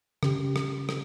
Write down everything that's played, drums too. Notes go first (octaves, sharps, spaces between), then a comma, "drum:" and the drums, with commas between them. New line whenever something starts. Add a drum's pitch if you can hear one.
C#3 G4, drum: rim click
drum: rim click
drum: rim click